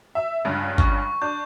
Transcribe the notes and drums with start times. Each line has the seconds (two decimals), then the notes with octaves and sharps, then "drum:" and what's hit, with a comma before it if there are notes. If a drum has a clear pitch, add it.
0.15 E5
0.45 C#2 G2 C#3
0.78 C#6, drum: kick G1
1.22 D4 G6